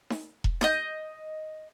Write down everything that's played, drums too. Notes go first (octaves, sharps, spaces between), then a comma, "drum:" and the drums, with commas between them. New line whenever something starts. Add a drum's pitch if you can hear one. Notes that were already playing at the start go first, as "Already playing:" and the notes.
drum: snare D#4
drum: kick E1
D#5 D#6 G6, drum: snare D#4